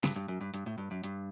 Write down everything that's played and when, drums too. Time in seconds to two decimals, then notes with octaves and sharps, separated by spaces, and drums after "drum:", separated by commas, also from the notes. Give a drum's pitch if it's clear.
0.04 G2, drum: snare
0.16 G2
0.28 F#2
0.41 G2
0.54 G2, drum: hi-hat
0.66 A2
0.78 G2
0.91 F#2
1.04 G2, drum: hi-hat